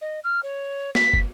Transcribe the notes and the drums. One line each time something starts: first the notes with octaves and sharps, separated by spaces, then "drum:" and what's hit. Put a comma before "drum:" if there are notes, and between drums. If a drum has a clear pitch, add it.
D#5
F6
C#5
B6, drum: snare
drum: kick